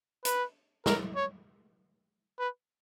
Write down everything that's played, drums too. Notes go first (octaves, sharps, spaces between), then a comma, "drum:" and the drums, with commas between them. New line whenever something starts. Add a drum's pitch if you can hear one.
B4, drum: hi-hat
A#4, drum: snare
C#5
B4